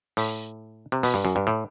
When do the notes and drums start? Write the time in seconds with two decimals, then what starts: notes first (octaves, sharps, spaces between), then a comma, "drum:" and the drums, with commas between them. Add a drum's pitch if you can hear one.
0.17 A2, drum: open hi-hat
0.92 C3
1.03 B2, drum: open hi-hat
1.14 G2
1.25 F#2
1.36 G2
1.47 A2